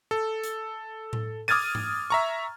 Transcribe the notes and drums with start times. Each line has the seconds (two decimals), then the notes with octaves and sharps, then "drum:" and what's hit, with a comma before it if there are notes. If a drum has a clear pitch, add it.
0.11 A4
0.44 drum: hi-hat
1.13 drum: tom A2
1.48 D6 D#6 F6 G#6 A6 D#7, drum: open hi-hat
1.75 drum: tom G#2
2.10 E5 A#5 C#6